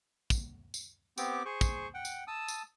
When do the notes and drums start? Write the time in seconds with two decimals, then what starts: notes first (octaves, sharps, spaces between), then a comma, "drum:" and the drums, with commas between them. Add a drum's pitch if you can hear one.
0.30 drum: kick, tambourine
0.74 drum: tambourine
1.18 B3 C4 G4 D6, drum: tambourine
1.45 G#4 C5 C#6
1.61 drum: kick, tambourine
1.94 F#5 G5
2.05 drum: tambourine
2.27 A5 D#6 E6
2.48 drum: tambourine